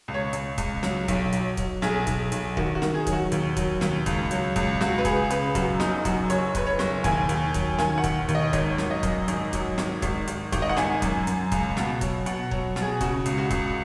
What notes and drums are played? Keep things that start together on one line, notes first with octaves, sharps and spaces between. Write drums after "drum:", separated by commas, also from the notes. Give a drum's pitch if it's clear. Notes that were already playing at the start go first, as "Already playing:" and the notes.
C#2
C#5
C#2, drum: hi-hat
C#2, drum: kick, hi-hat
F#3, drum: snare
B1, drum: kick, hi-hat
F#3, drum: hi-hat
F#3, drum: kick, hi-hat
B1 G#4, drum: snare
B1, drum: kick, hi-hat
B1, drum: hi-hat
D#3 F#4, drum: kick
F#4
D#3, drum: snare
G#4
F#3, drum: kick, hi-hat
F#4
D#2, drum: hi-hat
F#3, drum: kick, hi-hat
D#2, drum: snare
C#2, drum: kick, hi-hat
F#3, drum: hi-hat
C#2, drum: kick, hi-hat
C#2 F#4, drum: snare
B4
C#2 G#4, drum: kick, hi-hat
C#3 B4, drum: hi-hat
F#2 F#4, drum: kick, hi-hat
F#1 D#4, drum: snare
F#2 F#4, drum: kick, hi-hat
F#1 C#5, drum: hi-hat
F#1 B4, drum: kick, hi-hat
C#5
F#1, drum: snare
D#2 G#5, drum: kick, hi-hat
D#2, drum: hi-hat
F#3, drum: kick, hi-hat
D#3 G#5, drum: snare
F#5
D#2, drum: kick, hi-hat
D#2, drum: hi-hat
D#5
G#1 C#5, drum: kick, hi-hat
F#3, drum: snare
D#5
F#2, drum: kick, hi-hat
G#1, drum: hi-hat
F#3, drum: kick, hi-hat
G#1, drum: snare
G#1, drum: kick, hi-hat
G#1, drum: hi-hat
G#1, drum: kick, hi-hat
D#5
F#5
G#1 G#5, drum: snare
F#2, drum: kick, hi-hat
F#2, drum: hi-hat
C#2, drum: kick, hi-hat
B2, drum: snare
F#3, drum: kick, hi-hat
B2 F#5, drum: hi-hat
F#3, drum: kick
B2, drum: snare
G#4
C#3 F#4, drum: kick, hi-hat
C#2, drum: hi-hat
F#4
C#2, drum: kick, hi-hat